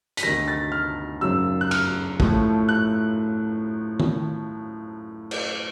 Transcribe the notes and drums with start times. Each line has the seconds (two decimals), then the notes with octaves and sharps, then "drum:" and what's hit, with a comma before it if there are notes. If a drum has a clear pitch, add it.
0.17 B6, drum: hi-hat
0.23 D2 C3 D#3 A#6
0.48 A6
0.72 F6
1.21 G#1 F#2 C#3 E6
1.61 F#6
1.71 F6, drum: cymbal
2.20 A2 F3 A3, drum: kick
2.69 F#6
4.00 drum: tom D#3
5.31 drum: cymbal